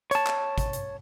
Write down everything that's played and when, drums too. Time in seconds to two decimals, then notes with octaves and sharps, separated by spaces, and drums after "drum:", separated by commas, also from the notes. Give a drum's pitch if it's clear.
0.11 C#5 A5, drum: hi-hat
0.27 drum: clap
0.58 drum: kick, hi-hat
0.73 drum: hi-hat